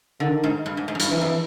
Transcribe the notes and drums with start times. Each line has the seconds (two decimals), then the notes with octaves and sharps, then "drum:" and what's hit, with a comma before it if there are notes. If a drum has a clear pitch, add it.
0.20 D3 D#3
0.43 G#2
0.66 G2
0.77 G#2
0.88 G#2
0.95 F#2
1.00 G2, drum: hi-hat
1.11 F#2 E3
1.21 F2